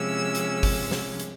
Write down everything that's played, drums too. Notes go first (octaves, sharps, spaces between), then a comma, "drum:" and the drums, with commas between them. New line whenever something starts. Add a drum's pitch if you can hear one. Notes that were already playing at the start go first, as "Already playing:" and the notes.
Already playing: C3 F3 G#3 C#4 E6
drum: hi-hat
drum: kick G1, open hi-hat
drum: snare
drum: hi-hat